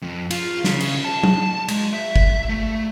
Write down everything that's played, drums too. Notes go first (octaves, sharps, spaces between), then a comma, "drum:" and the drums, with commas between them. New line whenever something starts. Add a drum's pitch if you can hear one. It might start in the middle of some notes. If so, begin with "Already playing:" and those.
F2
F4, drum: cymbal
C#3, drum: snare
drum: cymbal
A5
drum: tom F#3
G#3, drum: cymbal
E5
drum: kick
A3